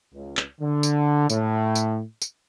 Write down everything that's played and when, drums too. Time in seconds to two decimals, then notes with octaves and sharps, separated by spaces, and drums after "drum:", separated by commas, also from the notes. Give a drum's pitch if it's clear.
0.14 C#2
0.37 drum: clap
0.61 D3
0.83 drum: tambourine
1.30 A2, drum: tambourine
1.75 drum: tambourine
2.22 drum: tambourine